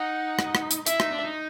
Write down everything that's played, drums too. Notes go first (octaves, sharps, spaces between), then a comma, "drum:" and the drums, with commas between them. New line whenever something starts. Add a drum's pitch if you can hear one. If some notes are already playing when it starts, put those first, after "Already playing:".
Already playing: D#4 F#5
drum: rim click
drum: rim click
drum: hi-hat
E4 E5, drum: hi-hat
D#4, drum: rim click
D4
D#4